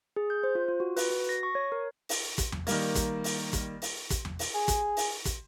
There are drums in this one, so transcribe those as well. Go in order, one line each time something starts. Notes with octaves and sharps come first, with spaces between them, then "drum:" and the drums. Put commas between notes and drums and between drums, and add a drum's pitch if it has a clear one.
G#4
G6
C5
F4
F4
F#4
B4, drum: open hi-hat
F#4
A#6
C#6
C#5
A#4
drum: open hi-hat
drum: kick, hi-hat
drum: tom E2
D#3 G3 A#3, drum: open hi-hat
drum: kick, hi-hat
drum: open hi-hat
drum: kick, hi-hat
drum: open hi-hat
drum: kick, hi-hat
drum: tom E2
drum: open hi-hat
G#4
drum: kick, hi-hat
drum: open hi-hat
drum: kick, hi-hat